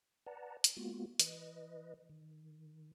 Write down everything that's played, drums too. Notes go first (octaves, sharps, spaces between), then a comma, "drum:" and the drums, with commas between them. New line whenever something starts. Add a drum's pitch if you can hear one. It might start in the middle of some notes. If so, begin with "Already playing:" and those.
B4 D5 F#5 A5 A#5
drum: hi-hat
G#3 A#3 B3 F4 F#4
E3 B4 D#5, drum: hi-hat
D#3